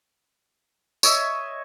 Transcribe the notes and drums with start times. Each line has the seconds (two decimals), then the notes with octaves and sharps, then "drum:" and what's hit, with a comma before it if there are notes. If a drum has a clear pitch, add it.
1.03 C#5 D#5 E5, drum: tambourine